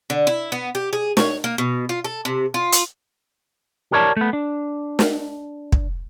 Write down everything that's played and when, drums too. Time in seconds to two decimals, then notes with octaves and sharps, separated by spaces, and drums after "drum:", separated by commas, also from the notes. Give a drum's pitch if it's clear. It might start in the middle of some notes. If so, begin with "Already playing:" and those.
0.10 D3
0.27 E4
0.52 B3
0.75 G4
0.93 G#4
1.17 C#5, drum: snare
1.44 A#3
1.58 B2
1.89 F4
2.04 A4
2.25 C3
2.54 F4
2.73 drum: hi-hat
3.92 G4 A#4 C#5 D5 A5
4.17 A3 B3
4.33 D4
4.99 drum: snare
5.72 drum: kick